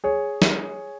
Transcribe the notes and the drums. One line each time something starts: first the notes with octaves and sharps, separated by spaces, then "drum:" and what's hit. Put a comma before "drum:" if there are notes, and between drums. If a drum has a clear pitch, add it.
G#4 C#5
drum: snare